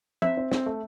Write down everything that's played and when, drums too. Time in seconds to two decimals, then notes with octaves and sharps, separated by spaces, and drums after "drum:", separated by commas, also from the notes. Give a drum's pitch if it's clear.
0.22 C4 E5, drum: tom
0.37 C4
0.52 C4, drum: snare
0.66 A3